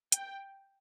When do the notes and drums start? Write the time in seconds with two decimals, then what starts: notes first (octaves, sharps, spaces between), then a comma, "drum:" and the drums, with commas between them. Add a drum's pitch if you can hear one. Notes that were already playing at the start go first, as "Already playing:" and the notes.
0.12 G5, drum: hi-hat